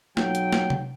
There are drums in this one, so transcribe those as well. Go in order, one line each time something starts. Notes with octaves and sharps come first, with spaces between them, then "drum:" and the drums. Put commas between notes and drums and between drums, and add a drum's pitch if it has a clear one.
B1 F#3 G5, drum: snare
drum: hi-hat
drum: snare
drum: tom C3